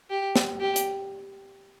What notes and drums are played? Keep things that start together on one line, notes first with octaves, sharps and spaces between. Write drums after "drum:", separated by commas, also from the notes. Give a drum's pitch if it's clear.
G4
drum: snare
G4
drum: hi-hat